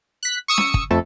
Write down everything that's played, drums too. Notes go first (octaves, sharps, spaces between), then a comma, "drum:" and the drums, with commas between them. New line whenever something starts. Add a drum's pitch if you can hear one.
F#6 B6
C#6 D#6 E6 C#7
drum: snare C#4
drum: kick
F2 A3 A4